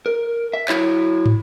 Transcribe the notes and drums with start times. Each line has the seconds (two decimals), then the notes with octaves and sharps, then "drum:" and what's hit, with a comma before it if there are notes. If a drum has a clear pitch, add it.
0.06 A#4
0.53 E5
0.69 F#3 E4 C#5, drum: clap
1.26 drum: tom